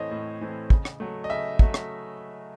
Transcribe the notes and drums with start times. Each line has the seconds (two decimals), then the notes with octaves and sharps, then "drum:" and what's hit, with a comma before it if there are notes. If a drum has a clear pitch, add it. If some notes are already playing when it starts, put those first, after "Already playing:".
Already playing: A2 E3 A3 C4 C5 C#5 D#5
0.11 A2
0.41 E3 A3 C4
0.70 C#3, drum: kick
0.85 drum: rim click
1.00 F#3 A3
1.24 D#5
1.30 C#3 E5
1.59 F#3 A3, drum: kick
1.74 drum: rim click